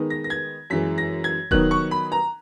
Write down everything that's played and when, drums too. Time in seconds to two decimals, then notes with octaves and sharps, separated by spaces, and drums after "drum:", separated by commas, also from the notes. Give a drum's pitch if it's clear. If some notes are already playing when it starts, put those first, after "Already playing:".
Already playing: D#3 G#3 B3 D#4
0.10 A#6
0.24 A#6
0.30 G#6
0.70 F#2 E3 G#3 B6
0.98 A#6
1.24 G#6
1.51 D#3 F#3 B3 D#4 F#6, drum: kick D#1
1.71 C#6
1.91 B5
2.12 A#5